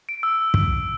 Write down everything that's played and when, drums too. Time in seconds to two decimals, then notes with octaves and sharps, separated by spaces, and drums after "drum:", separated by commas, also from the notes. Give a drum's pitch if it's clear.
0.09 D7
0.23 E6
0.54 drum: kick